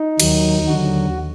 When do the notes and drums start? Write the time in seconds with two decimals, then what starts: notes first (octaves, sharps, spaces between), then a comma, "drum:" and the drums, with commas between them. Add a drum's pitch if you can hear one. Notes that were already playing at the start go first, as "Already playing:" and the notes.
Already playing: D#4
0.20 D#2 D#3 F#3, drum: cymbal
0.67 D#2 D3 F#3 F#4